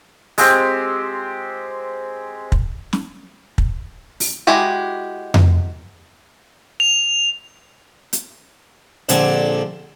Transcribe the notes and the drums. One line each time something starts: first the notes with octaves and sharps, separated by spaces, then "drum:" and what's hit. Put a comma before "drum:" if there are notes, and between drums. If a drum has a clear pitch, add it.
G#3 C4 G4, drum: open hi-hat
drum: kick
drum: snare
drum: kick
drum: open hi-hat
G#3 E4 F#4 G4 D#5
drum: tom F2
F7
drum: hi-hat
A#1 D3 C4 G#5 A5, drum: hi-hat